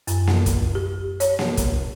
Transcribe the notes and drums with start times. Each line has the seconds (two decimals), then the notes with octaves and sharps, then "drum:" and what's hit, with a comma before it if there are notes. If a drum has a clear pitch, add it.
0.07 F#2, drum: hi-hat
0.27 drum: snare A#3
0.46 drum: kick, hi-hat
0.75 G4
1.20 C#5, drum: hi-hat
1.39 drum: snare A#3
1.57 drum: kick, hi-hat